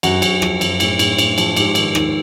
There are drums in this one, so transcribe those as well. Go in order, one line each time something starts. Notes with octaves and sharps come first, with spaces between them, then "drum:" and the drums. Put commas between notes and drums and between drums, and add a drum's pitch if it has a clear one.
F#2 F#4, drum: cymbal
F#2, drum: cymbal
F3, drum: rim click
F#2, drum: cymbal
A2, drum: cymbal
A2, drum: cymbal
A2, drum: cymbal
F3, drum: cymbal
G#2 G4, drum: cymbal
D#3, drum: cymbal
D#3, drum: rim click